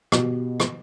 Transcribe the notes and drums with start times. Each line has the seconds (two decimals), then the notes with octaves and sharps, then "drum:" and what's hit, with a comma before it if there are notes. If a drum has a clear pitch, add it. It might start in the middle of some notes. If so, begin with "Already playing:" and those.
0.12 B2 G4, drum: rim click
0.60 drum: rim click